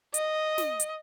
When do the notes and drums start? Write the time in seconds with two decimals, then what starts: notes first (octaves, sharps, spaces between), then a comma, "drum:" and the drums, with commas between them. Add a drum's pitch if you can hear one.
0.14 D#5, drum: hi-hat
0.58 drum: snare
0.80 drum: hi-hat